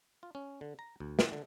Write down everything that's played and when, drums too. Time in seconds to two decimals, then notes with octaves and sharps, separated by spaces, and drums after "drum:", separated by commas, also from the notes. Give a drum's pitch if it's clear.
0.23 F4
0.35 C#4
0.61 D3
0.79 A#5
1.00 D2
1.19 E3, drum: snare
1.32 D3